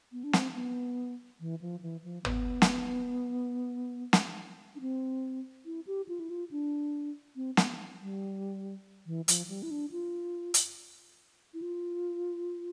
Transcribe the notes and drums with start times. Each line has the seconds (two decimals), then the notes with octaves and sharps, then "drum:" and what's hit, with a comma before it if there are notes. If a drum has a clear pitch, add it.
0.12 B3
0.24 D4
0.33 C4, drum: snare
0.54 B3
1.40 E3
1.61 F3
1.82 E3
2.04 F3
2.25 B3, drum: tom
2.62 drum: snare
4.13 drum: snare
4.75 D4
4.81 C4
5.66 E4
5.87 G4
6.09 F4
6.20 E4
6.30 F4
6.51 D4
7.36 C4
7.57 B3, drum: snare
8.00 G3
9.06 E3
9.28 F3, drum: hi-hat
9.49 G3
9.63 E4
9.71 D4
9.92 F4
10.54 drum: hi-hat
11.54 E4
11.62 F4